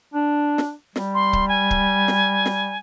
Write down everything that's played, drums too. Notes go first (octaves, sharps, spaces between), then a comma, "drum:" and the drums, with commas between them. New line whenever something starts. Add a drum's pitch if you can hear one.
D4
drum: snare
G3, drum: snare
C6
drum: kick C#1
G#5
drum: kick C#1
drum: snare
drum: snare